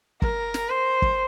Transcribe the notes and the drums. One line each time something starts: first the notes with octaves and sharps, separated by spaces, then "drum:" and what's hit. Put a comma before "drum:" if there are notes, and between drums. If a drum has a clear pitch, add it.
A#4, drum: kick
drum: snare
C5
drum: kick